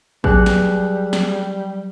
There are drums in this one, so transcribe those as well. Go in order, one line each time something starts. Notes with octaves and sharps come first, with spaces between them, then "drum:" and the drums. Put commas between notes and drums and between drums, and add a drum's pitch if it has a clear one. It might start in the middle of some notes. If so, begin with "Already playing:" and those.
F#3 G3 G#4 F#6, drum: kick A1
drum: snare
drum: snare